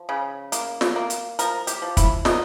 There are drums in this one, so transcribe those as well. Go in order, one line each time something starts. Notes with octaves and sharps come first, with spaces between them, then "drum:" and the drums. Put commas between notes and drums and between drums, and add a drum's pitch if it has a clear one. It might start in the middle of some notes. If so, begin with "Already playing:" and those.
Already playing: F3
C#3
A#3, drum: hi-hat
drum: snare
A#3
drum: hi-hat
F3 A#4, drum: hi-hat
G4, drum: hi-hat
F3
E4, drum: kick, hi-hat
B2 D#4, drum: snare